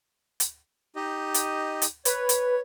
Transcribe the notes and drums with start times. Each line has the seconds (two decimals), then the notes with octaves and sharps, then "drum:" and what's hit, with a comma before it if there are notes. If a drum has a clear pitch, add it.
0.40 drum: hi-hat
0.96 D#4 G4 D#5
1.34 drum: hi-hat
1.82 drum: hi-hat
2.05 B4 C#5, drum: hi-hat
2.29 drum: hi-hat